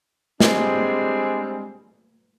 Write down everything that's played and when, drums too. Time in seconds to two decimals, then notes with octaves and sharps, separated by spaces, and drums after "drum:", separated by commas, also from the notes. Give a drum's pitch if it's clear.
0.40 G3 G#3 C4 D4 G#4, drum: snare